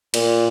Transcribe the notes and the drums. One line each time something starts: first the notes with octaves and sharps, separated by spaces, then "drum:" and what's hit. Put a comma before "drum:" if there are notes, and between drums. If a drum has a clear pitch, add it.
A#2, drum: cymbal